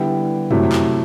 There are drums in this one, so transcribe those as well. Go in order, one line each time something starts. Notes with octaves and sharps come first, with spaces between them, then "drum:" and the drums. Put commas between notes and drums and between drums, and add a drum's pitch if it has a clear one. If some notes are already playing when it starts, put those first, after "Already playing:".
Already playing: D3 G3 B3 E4 G5
C3 F#3 A3 E4, drum: tom F2
drum: clap